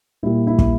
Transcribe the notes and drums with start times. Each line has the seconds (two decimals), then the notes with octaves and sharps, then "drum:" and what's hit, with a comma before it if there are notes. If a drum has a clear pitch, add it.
0.23 A#2 G3 A#3 E4
0.47 E4
0.59 drum: kick